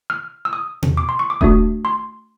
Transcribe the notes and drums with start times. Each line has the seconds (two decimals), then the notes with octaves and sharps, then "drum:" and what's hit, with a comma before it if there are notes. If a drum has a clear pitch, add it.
0.10 F6
0.45 E6
0.53 D#6
0.83 drum: tom B2
0.97 D6
1.09 C6
1.19 C#6
1.30 D6
1.41 A3 D4 F#4 D#6, drum: kick D#1
1.85 C6